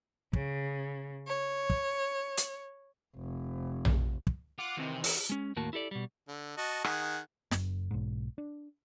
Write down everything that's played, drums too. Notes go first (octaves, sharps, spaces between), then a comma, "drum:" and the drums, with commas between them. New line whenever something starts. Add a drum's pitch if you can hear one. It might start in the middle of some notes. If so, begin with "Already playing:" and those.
C#3, drum: kick
C#5
drum: kick
drum: hi-hat
F1
drum: tom A#1
drum: kick
F4 F#5 D6
C3 D#3 E3 C4
E4 F#4, drum: open hi-hat
G#3 C#4
D#2 A2 A#3 F#4 A5
E4 G4 A4 D5
B2 G3
D3
F#4 D#5 A5
D#3 G#4 F#5, drum: rim click
F#1 F#2, drum: snare
B1 G#2
D4